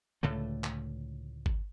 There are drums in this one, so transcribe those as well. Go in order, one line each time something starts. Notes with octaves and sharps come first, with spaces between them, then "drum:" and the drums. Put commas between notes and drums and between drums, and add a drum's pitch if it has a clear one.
C#2 A2 D3 A3
drum: clap
drum: kick G1